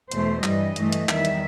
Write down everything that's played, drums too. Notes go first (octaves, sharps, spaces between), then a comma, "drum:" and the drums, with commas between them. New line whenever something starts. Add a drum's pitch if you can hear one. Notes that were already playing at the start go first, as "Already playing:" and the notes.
E2 B2 A3 C5, drum: hi-hat
G2 E3 G3 D#5, drum: clap
G2 E3 A3, drum: hi-hat
drum: hi-hat
E2 D#3 G3 E5, drum: clap
drum: hi-hat